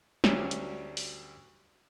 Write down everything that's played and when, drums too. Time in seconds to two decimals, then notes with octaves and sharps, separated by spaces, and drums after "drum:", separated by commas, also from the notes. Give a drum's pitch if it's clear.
0.24 D2 F#3 G3 C#4 D4, drum: snare
0.51 drum: hi-hat
0.97 drum: open hi-hat